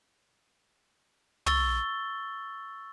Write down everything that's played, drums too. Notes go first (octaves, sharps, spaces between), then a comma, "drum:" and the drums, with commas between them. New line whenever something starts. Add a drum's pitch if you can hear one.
C#6 E6 A6 G7, drum: tom